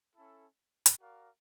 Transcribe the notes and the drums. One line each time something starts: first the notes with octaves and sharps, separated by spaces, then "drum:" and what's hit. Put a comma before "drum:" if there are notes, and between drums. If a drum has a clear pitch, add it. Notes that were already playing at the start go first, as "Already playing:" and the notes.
C#4 E4 A4
drum: hi-hat
F#4 A#4 D5 F5